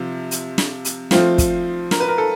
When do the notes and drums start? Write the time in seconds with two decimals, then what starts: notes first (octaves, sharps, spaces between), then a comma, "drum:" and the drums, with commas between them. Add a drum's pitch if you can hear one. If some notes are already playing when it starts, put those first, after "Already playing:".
Already playing: C3 F3 F4
0.31 drum: hi-hat
0.58 drum: snare
0.85 drum: hi-hat
1.11 F3 A3 C4 F4, drum: snare
1.38 drum: kick, hi-hat
1.91 A#4, drum: snare
2.00 B4
2.08 A#4
2.18 A4